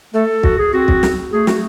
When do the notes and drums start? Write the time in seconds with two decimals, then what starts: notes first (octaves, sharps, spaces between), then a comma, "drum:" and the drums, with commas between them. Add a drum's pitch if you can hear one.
0.14 A3 A4
0.43 F#4, drum: kick
0.58 G#4
0.73 C4 F#4
0.88 drum: kick
1.03 drum: snare
1.32 A3 G#4
1.47 F#4, drum: snare